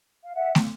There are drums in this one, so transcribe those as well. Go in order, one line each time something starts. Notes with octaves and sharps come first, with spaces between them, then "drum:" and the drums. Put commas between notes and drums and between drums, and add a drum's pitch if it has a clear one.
F5
E5 F#5
drum: snare